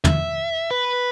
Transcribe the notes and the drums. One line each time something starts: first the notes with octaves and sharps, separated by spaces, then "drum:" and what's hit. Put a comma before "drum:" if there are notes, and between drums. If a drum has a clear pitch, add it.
E5, drum: tom
B4